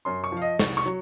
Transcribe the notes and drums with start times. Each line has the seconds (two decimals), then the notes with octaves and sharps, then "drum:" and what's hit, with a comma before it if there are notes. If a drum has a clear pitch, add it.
0.05 F#2 C6
0.24 C#6
0.32 F3 F5
0.42 D#5
0.59 C2 C#6, drum: snare
0.77 C#6
0.86 F#3